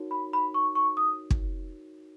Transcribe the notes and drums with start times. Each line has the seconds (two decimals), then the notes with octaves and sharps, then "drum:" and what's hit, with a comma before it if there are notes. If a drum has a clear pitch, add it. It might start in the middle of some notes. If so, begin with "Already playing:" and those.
Already playing: D#4 F#4 A#4 C#5
0.11 B5
0.33 B5
0.54 C#6
0.75 C#6
0.97 D#6
1.30 drum: kick